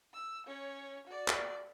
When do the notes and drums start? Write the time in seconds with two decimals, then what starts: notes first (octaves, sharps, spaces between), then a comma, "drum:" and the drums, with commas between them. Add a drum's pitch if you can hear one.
0.13 E6
0.46 C#4 C#5
1.07 F#4 D5
1.28 drum: clap